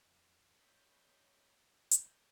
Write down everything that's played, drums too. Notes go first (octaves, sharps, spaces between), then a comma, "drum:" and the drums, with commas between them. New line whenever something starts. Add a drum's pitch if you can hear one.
F2
C#5 D#5 B5 G6
A#5
G6, drum: hi-hat